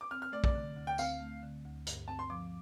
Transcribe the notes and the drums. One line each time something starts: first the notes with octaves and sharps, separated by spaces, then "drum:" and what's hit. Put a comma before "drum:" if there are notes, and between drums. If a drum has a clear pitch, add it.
D6
C4 F6
F6
A3 D5
D5, drum: kick A#1
D3
D2
G5
C4 F5, drum: tambourine
A3
D3
D2
G2, drum: hi-hat
C4 A5
C6
F3 D6